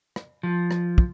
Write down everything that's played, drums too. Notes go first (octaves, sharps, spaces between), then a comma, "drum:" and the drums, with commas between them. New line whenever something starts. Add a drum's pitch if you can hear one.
drum: rim click
F3
drum: rim click
drum: kick